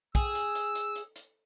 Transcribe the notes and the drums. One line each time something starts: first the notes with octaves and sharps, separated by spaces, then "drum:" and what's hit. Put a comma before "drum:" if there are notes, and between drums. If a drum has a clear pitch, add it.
G#4 E6, drum: kick, hi-hat
drum: hi-hat
drum: hi-hat
drum: hi-hat
drum: hi-hat
drum: hi-hat